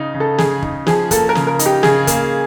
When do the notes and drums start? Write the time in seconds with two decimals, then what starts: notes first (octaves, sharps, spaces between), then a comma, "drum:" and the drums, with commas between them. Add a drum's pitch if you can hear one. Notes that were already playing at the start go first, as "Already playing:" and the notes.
Already playing: C#3 D#4
0.14 C#3
0.20 A4
0.38 C#3 G#4, drum: snare
0.63 D#4, drum: kick
0.87 F3 G#4, drum: snare
1.11 A#3 A4, drum: kick, hi-hat
1.29 A#4
1.35 C#3, drum: snare
1.47 A#4
1.59 D#4, drum: hi-hat
1.66 G4
1.83 C#3 G#4, drum: snare
2.07 A#3, drum: kick, hi-hat